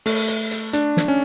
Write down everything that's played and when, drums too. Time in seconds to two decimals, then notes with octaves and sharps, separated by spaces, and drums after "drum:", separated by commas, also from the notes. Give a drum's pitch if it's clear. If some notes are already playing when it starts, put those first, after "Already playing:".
0.06 A3, drum: open hi-hat
0.28 drum: hi-hat
0.51 drum: hi-hat
0.73 D4, drum: hi-hat
0.97 drum: snare
1.08 C#4